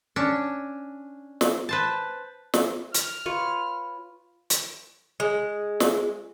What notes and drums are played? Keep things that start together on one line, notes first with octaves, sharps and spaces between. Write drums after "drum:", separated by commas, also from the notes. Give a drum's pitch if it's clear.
C#4 D4
drum: snare
B4 C5 A5
drum: snare
F6, drum: hi-hat
F4 B4 C#5
drum: hi-hat
G#3
drum: snare